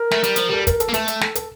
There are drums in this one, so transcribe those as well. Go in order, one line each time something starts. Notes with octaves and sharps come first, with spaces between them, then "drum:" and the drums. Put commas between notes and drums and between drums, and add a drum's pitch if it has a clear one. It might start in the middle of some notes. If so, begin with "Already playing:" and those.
Already playing: A#4
A3, drum: snare
G3, drum: hi-hat
F3, drum: hi-hat
G3 A4
A#4, drum: kick, hi-hat
A4, drum: hi-hat
A#3
A3 A4, drum: hi-hat
drum: hi-hat
drum: snare
A4, drum: hi-hat